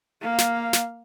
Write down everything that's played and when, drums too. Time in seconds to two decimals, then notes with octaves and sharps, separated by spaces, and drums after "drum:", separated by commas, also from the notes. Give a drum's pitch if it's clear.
0.21 A#3 F5
0.38 drum: snare
0.73 drum: snare